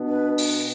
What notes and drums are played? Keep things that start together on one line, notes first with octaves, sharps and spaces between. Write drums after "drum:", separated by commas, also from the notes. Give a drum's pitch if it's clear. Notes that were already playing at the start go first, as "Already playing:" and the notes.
Already playing: B2 B3 D4
B4
drum: open hi-hat